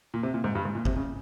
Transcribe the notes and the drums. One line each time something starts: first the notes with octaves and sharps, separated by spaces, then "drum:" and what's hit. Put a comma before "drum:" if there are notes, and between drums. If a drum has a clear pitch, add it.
A#2
C3
A#2
G#2
G2
G#2
A#2
C3, drum: kick G#1
C#3